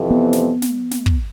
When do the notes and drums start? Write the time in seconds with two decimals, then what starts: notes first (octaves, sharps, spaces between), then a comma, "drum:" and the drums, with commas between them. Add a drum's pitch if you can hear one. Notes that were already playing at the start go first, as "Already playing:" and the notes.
Already playing: F2 C3 E3
0.11 B3
0.33 drum: snare
0.62 drum: snare
0.91 drum: snare
1.06 drum: kick